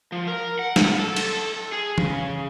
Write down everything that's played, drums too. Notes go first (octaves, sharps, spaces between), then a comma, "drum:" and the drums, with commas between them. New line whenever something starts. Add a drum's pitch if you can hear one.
F3
A#4
F#5
drum: snare
A4
drum: cymbal
G#4
C#3, drum: tom